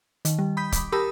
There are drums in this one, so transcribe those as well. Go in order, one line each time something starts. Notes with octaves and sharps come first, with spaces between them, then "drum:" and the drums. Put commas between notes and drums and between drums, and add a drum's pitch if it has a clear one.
D#3, drum: hi-hat
G3
B5 D#6 G6 B6
B5 D6, drum: kick C#1, hi-hat
G4 A#4 A5 B5 D#6 E6